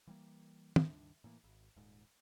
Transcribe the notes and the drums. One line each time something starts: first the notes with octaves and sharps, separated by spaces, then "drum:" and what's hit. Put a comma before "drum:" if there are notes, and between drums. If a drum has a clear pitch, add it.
E3 G3 A#3
C#2 G2 D#3 D4, drum: tom
A2 E3 A#3
G#1
D#1 G#2